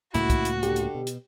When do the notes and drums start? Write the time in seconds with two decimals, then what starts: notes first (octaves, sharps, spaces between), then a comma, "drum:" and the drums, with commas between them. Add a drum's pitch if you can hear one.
0.14 C#2 A2 A#3 E4 F#4, drum: hi-hat
0.30 drum: kick, hi-hat
0.45 drum: hi-hat
0.63 D3 G4, drum: hi-hat
0.76 drum: hi-hat
0.95 B2
1.07 drum: hi-hat